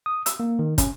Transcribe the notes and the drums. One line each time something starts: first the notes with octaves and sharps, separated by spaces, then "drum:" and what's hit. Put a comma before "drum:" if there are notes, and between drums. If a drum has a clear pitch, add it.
D#6
E6, drum: hi-hat
A#3
D#3
C#4, drum: kick, hi-hat